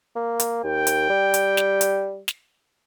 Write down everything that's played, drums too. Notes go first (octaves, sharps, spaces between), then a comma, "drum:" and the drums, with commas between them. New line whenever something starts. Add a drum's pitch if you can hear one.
A#3
drum: hi-hat
D#2 G5
drum: hi-hat
G3
drum: hi-hat
drum: snare
drum: hi-hat
drum: snare